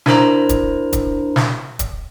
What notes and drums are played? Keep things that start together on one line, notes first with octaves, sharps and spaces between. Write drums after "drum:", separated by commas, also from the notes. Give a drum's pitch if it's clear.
D4 E4 A#4 C5 A#5, drum: snare
drum: kick, hi-hat
drum: kick, hi-hat
drum: snare
drum: kick, hi-hat